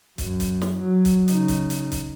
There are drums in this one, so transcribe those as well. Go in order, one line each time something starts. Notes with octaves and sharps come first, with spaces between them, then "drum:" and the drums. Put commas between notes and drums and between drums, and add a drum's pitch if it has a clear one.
F#2, drum: kick, hi-hat
drum: kick, hi-hat
drum: snare
F#3
drum: kick, hi-hat
C#3 D#4, drum: hi-hat
drum: kick, hi-hat
drum: hi-hat
drum: kick, hi-hat